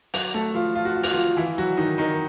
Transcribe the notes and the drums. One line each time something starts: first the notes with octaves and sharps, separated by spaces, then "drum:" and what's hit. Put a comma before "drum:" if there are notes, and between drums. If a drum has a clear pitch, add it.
F#3 F#4, drum: open hi-hat
A3 A4
F3 F4
F4
F#4
F4
F#4, drum: open hi-hat
F3 F4
E3 E4
F#3 F#4
D#3 D#4
D#3 D#4